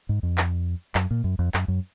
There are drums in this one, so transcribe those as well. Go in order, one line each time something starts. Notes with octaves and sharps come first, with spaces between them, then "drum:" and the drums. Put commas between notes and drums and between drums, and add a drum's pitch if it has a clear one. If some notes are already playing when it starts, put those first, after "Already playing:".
G#2
F2
drum: clap
F#2, drum: clap
A#2
F#2
F2
F#2, drum: clap
F#2